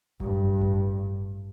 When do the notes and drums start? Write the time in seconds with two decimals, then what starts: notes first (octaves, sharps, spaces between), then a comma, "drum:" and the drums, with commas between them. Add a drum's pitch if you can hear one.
0.20 A1 G2, drum: kick F#1
0.62 drum: kick F#1